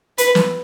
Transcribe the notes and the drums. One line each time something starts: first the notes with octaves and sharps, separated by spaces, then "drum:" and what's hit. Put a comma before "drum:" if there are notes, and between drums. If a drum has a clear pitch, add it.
B4, drum: hi-hat
drum: snare